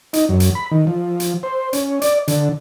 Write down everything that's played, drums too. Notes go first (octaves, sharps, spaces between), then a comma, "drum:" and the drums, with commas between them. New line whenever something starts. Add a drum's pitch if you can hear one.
D#4, drum: hi-hat
F#2
drum: hi-hat
B5
D#3
F3
drum: hi-hat
C5
C#4, drum: hi-hat
D5, drum: hi-hat
D3, drum: hi-hat